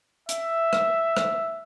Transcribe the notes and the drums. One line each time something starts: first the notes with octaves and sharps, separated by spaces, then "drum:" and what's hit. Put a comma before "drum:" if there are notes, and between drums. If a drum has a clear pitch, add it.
E5, drum: hi-hat
drum: rim click
drum: rim click